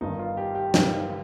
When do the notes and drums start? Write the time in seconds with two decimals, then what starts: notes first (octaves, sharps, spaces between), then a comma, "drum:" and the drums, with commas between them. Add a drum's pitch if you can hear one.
0.01 G1 G2 D#3 D#4
0.19 F4
0.37 G4
0.55 G4
0.74 G1 G2 D#3, drum: snare